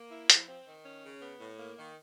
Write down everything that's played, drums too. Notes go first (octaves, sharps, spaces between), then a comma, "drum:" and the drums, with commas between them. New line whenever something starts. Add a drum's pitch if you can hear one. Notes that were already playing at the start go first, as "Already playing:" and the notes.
Already playing: A#3
E4
F3, drum: hi-hat
C4
D#3
C#4
C#3
B3
A2
A#3
D#3